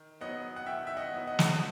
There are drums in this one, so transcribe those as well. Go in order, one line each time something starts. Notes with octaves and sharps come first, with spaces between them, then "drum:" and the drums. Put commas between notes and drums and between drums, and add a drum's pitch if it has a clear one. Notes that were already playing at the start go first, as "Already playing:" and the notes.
Already playing: D#3
F#3 B3 D#4 D#5 F#5
F#5
D#3 E5 G5
E5
D#5 F#5
F#3 B3 D#4
D#5 F#5
drum: snare